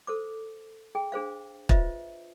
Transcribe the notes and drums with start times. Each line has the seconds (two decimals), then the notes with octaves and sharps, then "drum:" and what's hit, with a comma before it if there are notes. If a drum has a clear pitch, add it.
0.07 A4 C5 D6
0.95 G#4 G5
1.12 D4 G#4 C5 F5
1.69 F4 B4 C5 D#5 E5, drum: kick